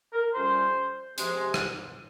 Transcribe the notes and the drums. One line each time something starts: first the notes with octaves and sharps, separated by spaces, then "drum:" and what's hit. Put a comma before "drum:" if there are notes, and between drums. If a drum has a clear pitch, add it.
A#4
F2 C3 G3 C#4 C5
C3 F3 G#3, drum: hi-hat
drum: rim click